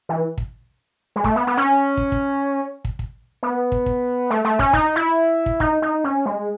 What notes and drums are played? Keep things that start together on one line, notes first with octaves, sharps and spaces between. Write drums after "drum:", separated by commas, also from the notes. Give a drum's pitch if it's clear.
E3
drum: kick
G#3
A3, drum: kick
B3
B3
C#4
drum: kick
drum: kick
drum: kick
drum: kick
B3
drum: kick
drum: kick
A3
A3
C#4, drum: kick
D#4, drum: kick
E4
drum: kick
D#4, drum: kick
D#4
C#4
G#3